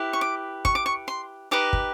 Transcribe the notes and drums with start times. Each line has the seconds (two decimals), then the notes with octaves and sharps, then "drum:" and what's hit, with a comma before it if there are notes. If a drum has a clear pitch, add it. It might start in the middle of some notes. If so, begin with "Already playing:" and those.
Already playing: E4 G4 B4
0.13 C#6
0.21 D6
0.65 C#6, drum: kick
0.75 D6
0.86 C#6
1.08 C6
1.51 D#4 G4 B4 D#5 D6
1.73 drum: kick